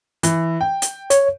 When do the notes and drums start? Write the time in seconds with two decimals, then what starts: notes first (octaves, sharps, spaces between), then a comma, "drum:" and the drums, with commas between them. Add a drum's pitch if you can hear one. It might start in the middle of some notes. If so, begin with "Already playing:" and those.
0.23 E3, drum: hi-hat
0.61 G5
0.82 drum: hi-hat
1.10 C#5, drum: hi-hat